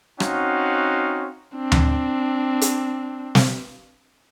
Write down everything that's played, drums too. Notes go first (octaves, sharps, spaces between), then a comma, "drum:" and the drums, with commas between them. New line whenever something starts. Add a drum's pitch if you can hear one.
C4 C#4 D#4 F#4 F5 F#5, drum: rim click
C4 D4
drum: tom D2
drum: hi-hat
drum: snare